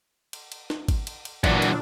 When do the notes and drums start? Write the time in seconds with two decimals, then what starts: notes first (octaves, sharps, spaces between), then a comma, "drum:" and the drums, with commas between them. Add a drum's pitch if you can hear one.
0.33 drum: cymbal
0.52 drum: cymbal
0.70 drum: snare
0.88 drum: kick G#1, cymbal
1.07 drum: cymbal
1.25 drum: cymbal
1.44 F#2 A#2 E3 D4, drum: kick G#1, cymbal
1.62 drum: cymbal